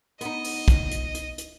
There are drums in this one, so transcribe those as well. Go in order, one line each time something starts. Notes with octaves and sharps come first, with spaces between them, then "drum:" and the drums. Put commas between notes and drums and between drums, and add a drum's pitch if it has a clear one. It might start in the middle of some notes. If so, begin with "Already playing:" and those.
B3 D#4 D#5, drum: hi-hat
drum: open hi-hat
drum: kick, hi-hat
drum: hi-hat
drum: hi-hat
drum: hi-hat